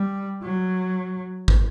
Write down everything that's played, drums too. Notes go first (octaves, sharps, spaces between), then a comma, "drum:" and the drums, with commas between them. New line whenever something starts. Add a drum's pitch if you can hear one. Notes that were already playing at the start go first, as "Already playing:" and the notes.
Already playing: G3
F#3
drum: kick